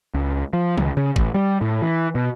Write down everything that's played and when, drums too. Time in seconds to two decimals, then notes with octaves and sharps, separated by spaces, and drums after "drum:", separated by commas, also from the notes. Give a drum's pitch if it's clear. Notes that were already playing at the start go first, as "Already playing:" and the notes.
0.14 C#2
0.53 F3
0.78 C#2, drum: tom
0.97 C#3
1.16 A1, drum: kick G#1
1.34 G3
1.61 A2
1.82 E3
2.15 B2